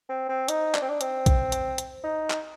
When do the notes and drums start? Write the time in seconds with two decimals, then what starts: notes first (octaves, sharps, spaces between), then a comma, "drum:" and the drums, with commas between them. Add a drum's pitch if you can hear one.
0.09 C4
0.29 C4
0.48 D#4, drum: hi-hat
0.75 D4, drum: clap
0.82 C4
0.88 D4
1.01 C4, drum: hi-hat
1.26 drum: kick B1, hi-hat
1.52 drum: hi-hat
1.78 drum: hi-hat
2.04 D#4
2.30 drum: clap